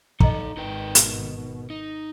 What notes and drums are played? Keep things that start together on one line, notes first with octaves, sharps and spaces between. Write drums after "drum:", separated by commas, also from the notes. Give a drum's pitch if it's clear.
D#4 A4 D#5 A#5, drum: kick
G#1 D#3 D#4 B4 G5
B2, drum: hi-hat
D#4